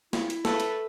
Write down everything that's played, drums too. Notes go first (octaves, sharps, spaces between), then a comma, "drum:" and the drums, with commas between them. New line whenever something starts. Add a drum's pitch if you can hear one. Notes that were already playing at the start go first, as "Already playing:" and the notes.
E4, drum: snare
drum: hi-hat
A3 A4 B4, drum: snare
drum: hi-hat